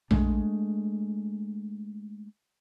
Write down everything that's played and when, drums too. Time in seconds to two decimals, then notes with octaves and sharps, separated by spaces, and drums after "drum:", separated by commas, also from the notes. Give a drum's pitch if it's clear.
0.11 G#3 A3 D4, drum: tom A#1